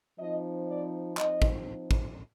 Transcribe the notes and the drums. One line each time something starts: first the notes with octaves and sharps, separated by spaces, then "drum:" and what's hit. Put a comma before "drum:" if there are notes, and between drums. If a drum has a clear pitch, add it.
F3 C4 D#4 D#5
D5
F3 C4 D#4 D#5, drum: clap
drum: kick
drum: kick